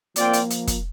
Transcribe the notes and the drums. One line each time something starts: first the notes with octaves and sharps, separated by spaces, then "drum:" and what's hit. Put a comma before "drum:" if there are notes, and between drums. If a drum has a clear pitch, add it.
F3 A#3 C4 F4 D5 G5, drum: hi-hat
drum: hi-hat
drum: hi-hat
drum: kick, hi-hat